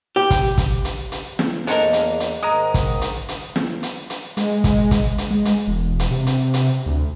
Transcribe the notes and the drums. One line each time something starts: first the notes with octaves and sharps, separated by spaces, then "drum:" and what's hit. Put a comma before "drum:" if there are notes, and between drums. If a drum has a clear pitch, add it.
G4
drum: kick, hi-hat
drum: kick, hi-hat
drum: hi-hat
drum: hi-hat
drum: snare
E2 G#3 A#3 A4 A#4 C5 D#5, drum: hi-hat
drum: hi-hat
drum: hi-hat
G#2 D#3 G#3 A#5 D#6
drum: kick, hi-hat
drum: hi-hat
drum: hi-hat
drum: snare
drum: hi-hat
drum: hi-hat
G#3, drum: hi-hat
drum: kick, hi-hat
drum: kick, hi-hat
drum: hi-hat
G#3
drum: hi-hat
E1
drum: hi-hat
C3
drum: hi-hat
drum: hi-hat
D2